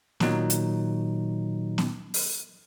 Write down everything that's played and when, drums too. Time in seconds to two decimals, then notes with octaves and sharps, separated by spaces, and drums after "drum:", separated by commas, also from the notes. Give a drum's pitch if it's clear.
0.20 A#2 D#3 F#3 D#4, drum: snare B3
0.50 drum: hi-hat
1.78 drum: snare B3
2.14 drum: open hi-hat